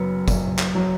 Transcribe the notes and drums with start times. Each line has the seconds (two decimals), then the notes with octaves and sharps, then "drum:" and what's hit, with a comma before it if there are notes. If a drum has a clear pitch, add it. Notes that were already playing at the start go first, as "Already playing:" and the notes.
Already playing: F#1 F#2 F#3 B3
0.28 F#1, drum: kick, tambourine
0.59 drum: clap
0.75 F#3